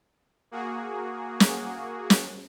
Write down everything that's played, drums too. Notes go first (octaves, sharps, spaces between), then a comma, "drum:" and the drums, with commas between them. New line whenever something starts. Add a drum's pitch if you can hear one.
A#3 F#4 G#4
drum: snare
drum: snare